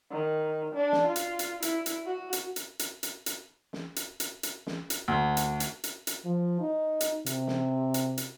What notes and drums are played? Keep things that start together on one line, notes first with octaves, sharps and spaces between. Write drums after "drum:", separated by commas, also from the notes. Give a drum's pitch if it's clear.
D#3
D4
drum: snare
F4
drum: hi-hat
drum: hi-hat
E4, drum: hi-hat
drum: hi-hat
F#4
drum: hi-hat
drum: hi-hat
drum: hi-hat
drum: hi-hat
drum: hi-hat
drum: snare
drum: hi-hat
drum: hi-hat
drum: hi-hat
drum: snare
drum: hi-hat
D2
drum: hi-hat
drum: hi-hat
drum: hi-hat
drum: hi-hat
F3
D#4
drum: hi-hat
C3, drum: hi-hat
drum: snare
drum: hi-hat
drum: hi-hat